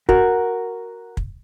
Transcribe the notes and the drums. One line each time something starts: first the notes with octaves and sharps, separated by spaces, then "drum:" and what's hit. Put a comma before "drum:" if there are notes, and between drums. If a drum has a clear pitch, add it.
F#4 A#4, drum: kick
drum: kick